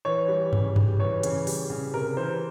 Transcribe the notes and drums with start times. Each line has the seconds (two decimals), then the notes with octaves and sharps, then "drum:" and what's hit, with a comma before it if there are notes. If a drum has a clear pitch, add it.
0.05 E3 C#5
0.28 G3
0.53 C#3, drum: tom G2
0.76 G3, drum: tom G2
0.99 E3 C#5
1.23 C#3, drum: hi-hat
1.47 G3, drum: open hi-hat
1.70 C#3
1.94 C3 A#4
2.17 E3 C5